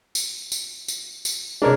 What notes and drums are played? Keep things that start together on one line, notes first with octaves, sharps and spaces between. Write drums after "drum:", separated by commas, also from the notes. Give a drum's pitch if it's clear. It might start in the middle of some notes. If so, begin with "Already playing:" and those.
drum: tambourine
drum: tambourine
drum: tambourine
drum: tambourine
C3 G#3 D4 A#4 C#5